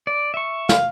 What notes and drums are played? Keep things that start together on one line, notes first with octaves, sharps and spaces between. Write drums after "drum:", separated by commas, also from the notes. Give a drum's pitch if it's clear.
D5
E5 C#6
F5, drum: snare